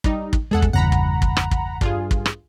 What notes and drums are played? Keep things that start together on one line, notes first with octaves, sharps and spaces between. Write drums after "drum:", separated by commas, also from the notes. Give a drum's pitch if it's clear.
G3 D#4, drum: kick
drum: kick
E2 G#3 G#4 A4 F#5
drum: kick
G1 E2 C#3 F#5 A#5 B5
drum: kick
drum: kick
drum: rim click
drum: kick
G2 F4 G#4, drum: kick
drum: kick
drum: rim click